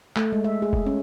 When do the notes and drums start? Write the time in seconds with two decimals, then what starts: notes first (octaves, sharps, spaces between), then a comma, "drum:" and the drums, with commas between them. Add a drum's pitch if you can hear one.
0.16 A3, drum: clap
0.33 G#3
0.44 E5
0.62 G#4
0.73 drum: kick
0.86 C#4